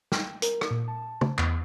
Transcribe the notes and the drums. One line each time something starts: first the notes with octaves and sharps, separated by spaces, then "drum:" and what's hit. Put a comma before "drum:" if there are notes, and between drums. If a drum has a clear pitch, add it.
G5, drum: snare
A#4, drum: hi-hat
drum: rim click
A#2
A5
drum: tom
E2, drum: clap